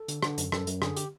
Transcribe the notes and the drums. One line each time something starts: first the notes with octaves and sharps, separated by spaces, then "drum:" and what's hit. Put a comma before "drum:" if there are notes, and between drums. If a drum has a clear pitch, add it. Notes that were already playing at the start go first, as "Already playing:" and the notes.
Already playing: A4
D3, drum: hi-hat
D3, drum: rim click
F#2, drum: hi-hat
F#2 A4, drum: rim click
F#2, drum: hi-hat
D3 G#4, drum: rim click
G4, drum: hi-hat